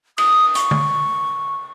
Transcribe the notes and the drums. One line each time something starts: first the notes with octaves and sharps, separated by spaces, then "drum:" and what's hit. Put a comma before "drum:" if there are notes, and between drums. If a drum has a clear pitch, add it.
D#6, drum: cymbal
C#6, drum: hi-hat
drum: tom